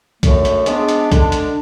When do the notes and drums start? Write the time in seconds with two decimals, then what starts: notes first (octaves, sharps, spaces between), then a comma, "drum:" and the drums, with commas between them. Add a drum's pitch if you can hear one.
0.23 F#2 D3 A3, drum: kick B1, hi-hat
0.45 drum: hi-hat
0.66 G#2 G#3 B3 D4, drum: hi-hat
0.89 drum: hi-hat
1.12 D3 G#3 D4, drum: kick B1, hi-hat
1.32 drum: hi-hat